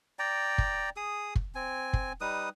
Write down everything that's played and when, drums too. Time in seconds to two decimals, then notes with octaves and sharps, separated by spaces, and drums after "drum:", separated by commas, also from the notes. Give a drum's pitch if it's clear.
0.19 D5 G5 A#5
0.58 drum: kick
0.96 G#4 D#6
1.35 drum: kick
1.55 C4 G#5
1.93 drum: kick
2.21 G3 D#4 B4 D#6